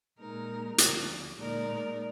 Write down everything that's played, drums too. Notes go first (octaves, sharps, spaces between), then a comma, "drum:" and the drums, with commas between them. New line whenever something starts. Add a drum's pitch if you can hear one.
A#2 G#3 D#4 A#4
D2 D3 F3, drum: hi-hat
A#2 G#3 D#4 A#4 D5